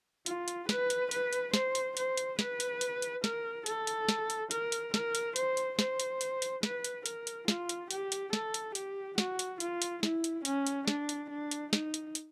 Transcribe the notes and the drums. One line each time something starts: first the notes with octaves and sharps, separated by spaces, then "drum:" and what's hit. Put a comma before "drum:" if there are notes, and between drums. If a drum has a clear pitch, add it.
F4, drum: hi-hat
drum: hi-hat
B4, drum: snare
drum: hi-hat
B4, drum: hi-hat
drum: hi-hat
C5, drum: snare
drum: hi-hat
C5, drum: hi-hat
drum: hi-hat
B4, drum: snare
drum: hi-hat
drum: hi-hat
drum: hi-hat
A#4, drum: snare
A4, drum: hi-hat
drum: hi-hat
drum: snare
drum: hi-hat
A#4, drum: hi-hat
drum: hi-hat
A#4, drum: snare
drum: hi-hat
C5, drum: hi-hat
drum: hi-hat
C5, drum: snare
drum: hi-hat
drum: hi-hat
drum: hi-hat
B4, drum: snare
drum: hi-hat
A#4, drum: hi-hat
drum: hi-hat
F4, drum: snare
drum: hi-hat
G4, drum: hi-hat
drum: hi-hat
A4, drum: snare
drum: hi-hat
G4, drum: hi-hat
F#4, drum: snare
drum: hi-hat
F4, drum: hi-hat
drum: hi-hat
E4, drum: snare
drum: hi-hat
C#4, drum: hi-hat
drum: hi-hat
D4, drum: snare
drum: hi-hat
D4
drum: hi-hat
D#4, drum: snare
drum: hi-hat
drum: hi-hat